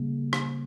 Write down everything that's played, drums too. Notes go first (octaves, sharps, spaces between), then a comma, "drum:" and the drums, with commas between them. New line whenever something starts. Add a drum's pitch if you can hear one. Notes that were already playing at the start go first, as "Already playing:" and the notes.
Already playing: C#3 G3 A#3
drum: rim click